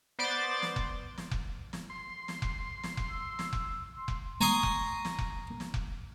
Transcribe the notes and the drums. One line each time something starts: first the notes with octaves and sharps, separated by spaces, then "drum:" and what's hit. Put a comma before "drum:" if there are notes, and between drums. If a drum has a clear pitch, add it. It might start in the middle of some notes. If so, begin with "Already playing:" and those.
B3 C5 D5 C6 D6 A6
drum: snare
drum: kick F1
drum: snare
drum: kick F1
drum: snare
C6
drum: snare
drum: kick F1
drum: snare
drum: kick F1
E6
drum: snare
drum: kick F1
C6
drum: kick F1
G#5 A#5 C6 C#6 D#6
drum: kick F1
drum: snare
drum: kick F1
drum: snare
drum: kick F1